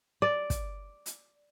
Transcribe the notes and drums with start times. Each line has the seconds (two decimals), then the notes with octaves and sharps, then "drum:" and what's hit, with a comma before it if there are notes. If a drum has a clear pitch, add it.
0.22 D5
0.50 drum: kick, hi-hat
1.06 drum: hi-hat